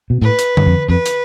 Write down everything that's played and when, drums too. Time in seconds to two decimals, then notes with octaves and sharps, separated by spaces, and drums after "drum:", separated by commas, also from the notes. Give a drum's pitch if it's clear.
0.10 B2
0.22 A2 B4
0.39 drum: hi-hat
0.57 G2, drum: tom D3
0.66 F2
0.89 F2 B4
1.06 drum: hi-hat